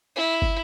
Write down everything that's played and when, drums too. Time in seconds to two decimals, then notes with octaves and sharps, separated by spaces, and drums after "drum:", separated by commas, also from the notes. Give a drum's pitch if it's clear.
0.16 E4
0.42 drum: kick